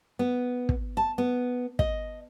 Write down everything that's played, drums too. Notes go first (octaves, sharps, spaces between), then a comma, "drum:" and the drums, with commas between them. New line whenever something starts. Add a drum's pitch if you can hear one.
B3
drum: kick
A5
B3
D#5, drum: kick